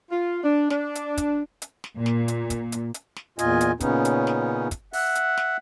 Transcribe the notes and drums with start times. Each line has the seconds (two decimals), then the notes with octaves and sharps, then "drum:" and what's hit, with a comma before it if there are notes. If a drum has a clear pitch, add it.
0.10 F4
0.44 D4
0.70 D4, drum: snare
0.95 drum: hi-hat
1.17 drum: kick, hi-hat
1.62 drum: hi-hat
1.84 drum: snare
1.97 A#2
2.06 drum: snare
2.28 drum: hi-hat
2.50 drum: kick, hi-hat
2.72 drum: hi-hat
2.94 drum: hi-hat
3.16 drum: snare
3.39 E2 A#2 F4 D#5 G#5, drum: hi-hat
3.61 drum: hi-hat
3.80 A#2 C#3 B3 C#4 D#4, drum: kick, hi-hat
4.05 drum: hi-hat
4.27 drum: snare
4.71 drum: kick, hi-hat
4.93 E5 F#5, drum: open hi-hat
5.15 drum: hi-hat
5.37 drum: snare